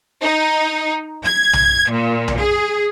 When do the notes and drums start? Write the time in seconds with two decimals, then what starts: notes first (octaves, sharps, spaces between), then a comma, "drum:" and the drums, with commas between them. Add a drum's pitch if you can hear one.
0.22 D#4
1.25 G#6
1.53 drum: tom B1
1.90 A#2
2.28 drum: tom B1
2.38 G#4